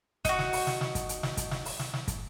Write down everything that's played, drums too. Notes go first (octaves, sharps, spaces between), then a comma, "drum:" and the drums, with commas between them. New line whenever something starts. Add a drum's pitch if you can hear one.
D#4 F#4, drum: kick, hi-hat
drum: snare
drum: open hi-hat
drum: snare
drum: snare
drum: kick, hi-hat
drum: hi-hat
drum: snare
drum: kick, hi-hat
drum: snare
drum: open hi-hat
drum: snare
drum: snare
drum: kick, hi-hat